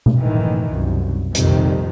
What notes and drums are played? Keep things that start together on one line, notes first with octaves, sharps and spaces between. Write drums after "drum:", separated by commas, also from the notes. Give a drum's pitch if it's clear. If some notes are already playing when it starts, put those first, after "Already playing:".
drum: tom B2
F#1 A2 D#3 E3
C2 F#2
A#1 F2 C3 D#3 G3, drum: hi-hat